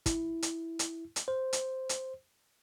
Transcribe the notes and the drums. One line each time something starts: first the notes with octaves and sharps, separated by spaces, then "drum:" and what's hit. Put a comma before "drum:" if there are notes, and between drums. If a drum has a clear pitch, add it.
E4, drum: kick, hi-hat
drum: hi-hat
drum: hi-hat
drum: hi-hat
C5
drum: hi-hat
drum: hi-hat